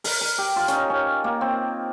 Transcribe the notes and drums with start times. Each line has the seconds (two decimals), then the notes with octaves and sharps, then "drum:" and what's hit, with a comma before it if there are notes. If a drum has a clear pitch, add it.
0.04 A#4, drum: open hi-hat
0.21 A#4
0.38 G4
0.56 F4
0.68 C#4 D#4, drum: hi-hat
0.90 C#4
1.24 A#3
1.41 C4